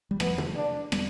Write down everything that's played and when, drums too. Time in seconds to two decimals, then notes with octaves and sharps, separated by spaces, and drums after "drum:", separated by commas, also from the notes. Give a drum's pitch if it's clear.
0.11 G3
0.20 F3 A3 B3, drum: rim click
0.38 drum: tom
0.56 D4
0.92 G3 B3, drum: rim click